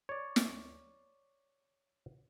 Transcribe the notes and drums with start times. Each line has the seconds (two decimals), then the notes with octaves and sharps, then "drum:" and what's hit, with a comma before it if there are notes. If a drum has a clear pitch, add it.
0.09 C#5 D5
0.36 drum: snare